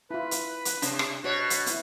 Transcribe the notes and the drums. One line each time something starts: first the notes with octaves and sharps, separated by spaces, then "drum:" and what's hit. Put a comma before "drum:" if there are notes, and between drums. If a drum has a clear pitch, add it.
E4 F4 B4
drum: hi-hat
drum: hi-hat
C3 D4, drum: hi-hat
drum: rim click
B2 F#4 C#5
drum: hi-hat
B3 E4, drum: hi-hat